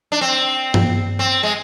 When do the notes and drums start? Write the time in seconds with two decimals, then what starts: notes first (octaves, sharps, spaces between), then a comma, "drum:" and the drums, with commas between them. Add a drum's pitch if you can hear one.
0.12 D4
0.21 C4
0.74 drum: tom G2
1.19 C4
1.43 G#3